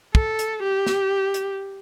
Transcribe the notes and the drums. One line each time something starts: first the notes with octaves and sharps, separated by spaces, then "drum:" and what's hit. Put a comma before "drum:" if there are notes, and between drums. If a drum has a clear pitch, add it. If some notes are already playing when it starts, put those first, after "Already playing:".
A4, drum: kick
drum: hi-hat
G4
drum: snare
drum: hi-hat